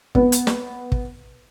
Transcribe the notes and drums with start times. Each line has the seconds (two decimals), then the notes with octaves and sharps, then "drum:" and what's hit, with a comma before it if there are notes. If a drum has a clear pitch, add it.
0.15 B3, drum: kick
0.32 drum: hi-hat
0.47 drum: snare
0.92 drum: kick